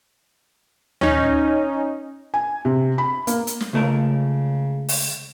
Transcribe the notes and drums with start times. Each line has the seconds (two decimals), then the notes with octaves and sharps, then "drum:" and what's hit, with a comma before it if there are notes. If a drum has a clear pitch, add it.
1.01 C#4 D#4, drum: tom D2
2.34 G#5
2.65 C3
2.98 B5
3.27 A#3, drum: hi-hat
3.47 drum: hi-hat
3.61 drum: snare
3.73 C#2 C#3 A3 A#4
4.89 drum: open hi-hat